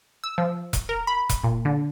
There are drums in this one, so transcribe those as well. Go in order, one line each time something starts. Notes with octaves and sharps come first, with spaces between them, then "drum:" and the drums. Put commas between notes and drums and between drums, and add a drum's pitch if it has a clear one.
E6
F3
drum: kick E1, hi-hat
A#4
B5
drum: kick E1, hi-hat
A#2
D3